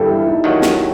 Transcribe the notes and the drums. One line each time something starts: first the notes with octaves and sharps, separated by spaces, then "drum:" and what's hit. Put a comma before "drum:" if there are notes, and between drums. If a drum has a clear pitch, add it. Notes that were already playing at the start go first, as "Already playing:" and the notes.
Already playing: G1 G2 E3 G3 G4 A4
E4
D#4
D#2 D#3 F#3
drum: snare